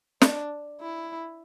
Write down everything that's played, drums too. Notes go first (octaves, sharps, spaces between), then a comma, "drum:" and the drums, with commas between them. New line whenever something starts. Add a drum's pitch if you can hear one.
D4, drum: snare
E4